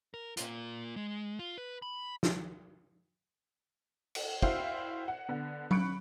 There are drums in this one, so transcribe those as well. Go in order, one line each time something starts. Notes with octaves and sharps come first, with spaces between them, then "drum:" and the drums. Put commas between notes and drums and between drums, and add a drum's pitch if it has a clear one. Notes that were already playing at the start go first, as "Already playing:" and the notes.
A#4
A#3 F4, drum: hi-hat
G#3
F4
B4
B5
drum: snare
drum: cymbal
E4 F#4 C5 E5 F5 G5, drum: kick
F#5
D3 B3
B5 C#6 F#6 C#7 D7, drum: tom F#3